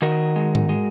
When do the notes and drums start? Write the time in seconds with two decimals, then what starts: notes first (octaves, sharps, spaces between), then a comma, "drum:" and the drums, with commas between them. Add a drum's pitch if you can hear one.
0.02 D#3 F#4 A#4
0.36 G#3
0.55 drum: tom G#2
0.69 G#3